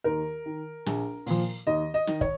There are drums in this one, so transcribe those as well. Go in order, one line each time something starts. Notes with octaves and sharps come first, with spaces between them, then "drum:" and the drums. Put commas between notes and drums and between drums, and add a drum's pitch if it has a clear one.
D#2 A#4
D#3
A#1, drum: snare
A#2 F3, drum: open hi-hat
D#2 D#5
D#5
D#3, drum: snare
C#5, drum: kick